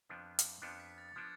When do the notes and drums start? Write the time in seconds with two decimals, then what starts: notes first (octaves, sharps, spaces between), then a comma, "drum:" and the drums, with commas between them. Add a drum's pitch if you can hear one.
0.09 F2 F3 B3 D4
0.39 drum: hi-hat
0.62 F2 F3 B3 D4 C#7
0.80 B6
0.98 A6
1.09 A6
1.16 F3 B3 D4 G#6